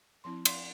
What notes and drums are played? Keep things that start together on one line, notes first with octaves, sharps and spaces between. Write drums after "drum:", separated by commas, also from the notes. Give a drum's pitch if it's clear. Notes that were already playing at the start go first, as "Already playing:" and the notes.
F3 C4 E4 C6
C6, drum: cymbal